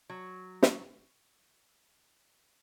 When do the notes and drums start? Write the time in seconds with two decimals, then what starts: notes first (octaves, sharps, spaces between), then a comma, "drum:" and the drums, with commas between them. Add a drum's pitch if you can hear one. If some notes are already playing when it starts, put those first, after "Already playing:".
0.10 F#3
0.63 drum: snare